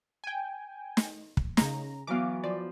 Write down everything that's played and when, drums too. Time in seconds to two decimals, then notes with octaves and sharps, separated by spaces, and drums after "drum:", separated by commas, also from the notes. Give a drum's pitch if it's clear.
0.24 G5 G#5
0.97 drum: snare
1.37 drum: kick
1.57 C#3 A#5, drum: snare
2.07 E3 F#3 B3 F5 D6
2.44 F3 D5